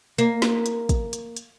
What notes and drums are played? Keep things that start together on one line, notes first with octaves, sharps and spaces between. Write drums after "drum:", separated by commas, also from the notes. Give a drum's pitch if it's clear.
A#3, drum: hi-hat
drum: snare
drum: hi-hat
drum: kick, hi-hat
drum: hi-hat
drum: hi-hat